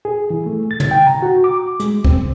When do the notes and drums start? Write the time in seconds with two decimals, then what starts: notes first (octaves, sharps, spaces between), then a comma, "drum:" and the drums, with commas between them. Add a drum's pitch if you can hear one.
0.05 G#4
0.30 E3
0.46 A3
0.71 A6
0.80 drum: tom
0.91 G5
1.07 A#5
1.22 F#4
1.44 D6
1.80 G#3, drum: hi-hat
2.04 C4, drum: kick